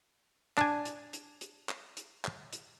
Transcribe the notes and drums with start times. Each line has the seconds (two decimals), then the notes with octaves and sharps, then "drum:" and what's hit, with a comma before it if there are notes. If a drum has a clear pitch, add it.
0.58 D4 G#5, drum: clap
0.85 drum: hi-hat
1.13 drum: hi-hat
1.41 drum: hi-hat
1.69 drum: clap
1.97 drum: hi-hat
2.25 drum: clap
2.53 drum: hi-hat